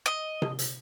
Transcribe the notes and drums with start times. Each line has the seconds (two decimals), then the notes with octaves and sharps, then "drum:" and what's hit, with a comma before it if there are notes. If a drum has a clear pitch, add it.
0.06 D#5
0.42 drum: tom C3
0.59 drum: hi-hat